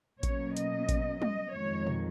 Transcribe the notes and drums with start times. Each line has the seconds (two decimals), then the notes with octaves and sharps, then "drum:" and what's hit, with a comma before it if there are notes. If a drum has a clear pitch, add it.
0.23 B2 F#3 A#3 C#4 C#5, drum: kick A1, hi-hat
0.57 D#5, drum: hi-hat
0.89 drum: kick A1, hi-hat
1.22 D#5, drum: tom G3
1.53 F2 D#3 G#3 C#5
1.87 drum: tom A#2